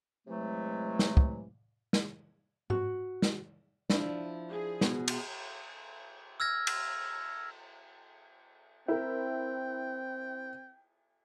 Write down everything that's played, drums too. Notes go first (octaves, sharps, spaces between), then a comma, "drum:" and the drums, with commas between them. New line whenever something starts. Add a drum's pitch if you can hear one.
C3 E3 F#3 G#3 A3
drum: snare
drum: kick
drum: snare
F#4, drum: tom G#2
drum: snare
F3 D4 E4, drum: snare
G#4
B2, drum: snare
drum: cymbal
E6 F6 G#6 A#6
drum: cymbal
C4 E4 A#4 G5